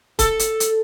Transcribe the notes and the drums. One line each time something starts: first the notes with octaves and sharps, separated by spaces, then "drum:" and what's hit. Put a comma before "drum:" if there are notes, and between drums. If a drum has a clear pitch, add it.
A4, drum: kick C#1, hi-hat
drum: hi-hat
drum: hi-hat